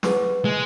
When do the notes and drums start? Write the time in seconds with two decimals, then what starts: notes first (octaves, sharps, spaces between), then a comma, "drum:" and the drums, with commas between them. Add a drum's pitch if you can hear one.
0.03 G#4 B4 F#5 C#6, drum: snare
0.45 G#3